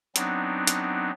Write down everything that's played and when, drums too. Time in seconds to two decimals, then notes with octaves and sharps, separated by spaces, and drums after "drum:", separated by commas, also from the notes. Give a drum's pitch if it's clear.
0.16 F#3 B3 C4 D4 D#4, drum: hi-hat
0.67 drum: hi-hat